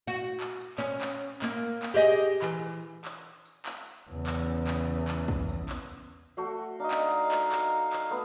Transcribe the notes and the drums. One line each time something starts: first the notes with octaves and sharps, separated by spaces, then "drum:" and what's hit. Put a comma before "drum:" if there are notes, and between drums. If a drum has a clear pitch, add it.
F#4
drum: tambourine
drum: clap
drum: tambourine
C#4, drum: clap
drum: clap
A#3, drum: clap
drum: clap
G4 G#4 D#5
drum: tambourine
E3, drum: clap
drum: tambourine
drum: clap
drum: tambourine
drum: clap
drum: tambourine
E2 C#3
drum: clap
drum: clap
drum: clap
drum: kick
drum: tambourine
drum: clap
drum: tambourine
A3 F#4 F5
D4 D#4 D#5 F5
drum: clap
drum: tambourine
drum: clap
drum: clap
drum: clap
A3 B3 D#6